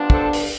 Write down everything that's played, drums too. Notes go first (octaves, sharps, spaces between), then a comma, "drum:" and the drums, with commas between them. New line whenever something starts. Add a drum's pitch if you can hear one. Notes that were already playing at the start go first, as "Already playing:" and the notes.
Already playing: C3 F3 B3 D4
A4 C5, drum: kick
drum: open hi-hat